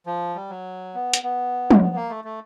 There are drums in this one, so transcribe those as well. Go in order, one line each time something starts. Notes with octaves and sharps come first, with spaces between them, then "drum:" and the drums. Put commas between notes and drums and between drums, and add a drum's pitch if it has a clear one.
F3
G3
F#3
B3
drum: hi-hat
B3
drum: tom
B3
A#3
A3
A3